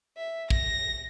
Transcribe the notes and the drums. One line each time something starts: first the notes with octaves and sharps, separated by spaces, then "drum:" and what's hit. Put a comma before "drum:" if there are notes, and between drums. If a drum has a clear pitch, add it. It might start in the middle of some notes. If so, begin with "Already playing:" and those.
E5
A#6, drum: kick